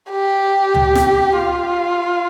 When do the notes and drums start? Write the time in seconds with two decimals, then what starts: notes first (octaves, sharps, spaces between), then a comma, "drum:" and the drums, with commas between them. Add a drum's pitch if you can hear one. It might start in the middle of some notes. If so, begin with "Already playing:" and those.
0.11 G4
0.74 drum: tom C#2
0.95 drum: snare
1.38 F4